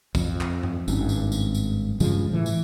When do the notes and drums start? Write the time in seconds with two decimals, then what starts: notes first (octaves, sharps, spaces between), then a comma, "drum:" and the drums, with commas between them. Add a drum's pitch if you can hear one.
0.15 F2, drum: kick, tambourine
0.41 drum: clap
0.63 drum: tom F#2
0.88 G#1 G2 C#4, drum: tambourine
1.09 drum: tambourine
1.32 drum: tambourine
1.55 drum: tambourine
2.00 G2 C#3 F3 G#3, drum: tambourine
2.32 A2 E3
2.46 drum: tambourine